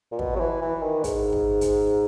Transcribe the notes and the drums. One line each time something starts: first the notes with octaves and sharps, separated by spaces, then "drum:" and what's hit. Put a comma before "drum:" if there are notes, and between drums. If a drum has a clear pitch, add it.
A#2
B2, drum: kick
F#3
E3
E3
D#3
G#2, drum: kick, hi-hat
drum: kick
drum: kick, hi-hat